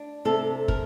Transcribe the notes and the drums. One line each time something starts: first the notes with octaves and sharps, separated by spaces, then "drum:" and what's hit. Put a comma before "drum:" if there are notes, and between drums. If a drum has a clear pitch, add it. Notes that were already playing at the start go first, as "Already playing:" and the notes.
Already playing: D4
C3 A4
A#4, drum: kick